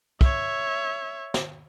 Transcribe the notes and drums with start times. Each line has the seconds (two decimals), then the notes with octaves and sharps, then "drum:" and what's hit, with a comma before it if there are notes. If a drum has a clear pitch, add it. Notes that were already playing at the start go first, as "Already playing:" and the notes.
0.21 C#5 E5, drum: kick
1.34 drum: snare